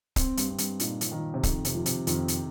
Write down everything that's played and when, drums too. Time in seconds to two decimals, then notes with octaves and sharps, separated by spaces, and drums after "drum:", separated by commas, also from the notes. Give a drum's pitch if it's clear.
0.16 C4, drum: kick C#1, hi-hat
0.37 G2, drum: hi-hat
0.48 C4
0.58 G2, drum: hi-hat
0.80 A#2 D#4, drum: hi-hat
1.01 F3, drum: hi-hat
1.12 D#3 D#4
1.34 C3
1.43 F2 D#3, drum: kick C#1, hi-hat
1.65 C3, drum: hi-hat
1.75 F3
1.86 C3, drum: hi-hat
2.07 F2 D#3, drum: hi-hat
2.28 drum: hi-hat